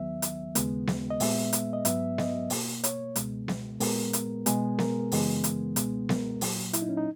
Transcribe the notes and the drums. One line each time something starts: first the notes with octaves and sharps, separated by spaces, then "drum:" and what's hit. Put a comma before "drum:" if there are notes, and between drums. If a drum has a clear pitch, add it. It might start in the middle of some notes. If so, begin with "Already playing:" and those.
Already playing: D#2 D#3 F#3 B3 E5
drum: hi-hat
D#2 C#3 G#3 B3, drum: hi-hat
drum: snare B3
D#5
A#2 G#3 B3 E5, drum: open hi-hat
drum: hi-hat
D#5
G#2 F#3 B3 E5, drum: hi-hat
D#5, drum: snare B3
B2 A#3, drum: open hi-hat
C#5, drum: hi-hat
C#2 B2 G#3 B3, drum: hi-hat
drum: snare B3
A#2 G#3 B3 A#4, drum: open hi-hat
drum: hi-hat
B2 G#3 B3 G#4, drum: hi-hat
A#4, drum: snare B3
F#2 C#3 E3 G#3 B3, drum: open hi-hat
drum: hi-hat
C#2 B2 G#3 B3, drum: hi-hat
A#4, drum: snare B3
A#2 F#3 A#3, drum: open hi-hat
E4, drum: hi-hat
D#4
C#4
D#4